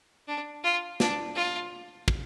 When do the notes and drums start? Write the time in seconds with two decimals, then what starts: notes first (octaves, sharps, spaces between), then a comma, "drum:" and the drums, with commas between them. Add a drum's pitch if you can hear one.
0.28 D4
0.64 F4
1.00 D4, drum: snare
1.35 F4
2.08 drum: kick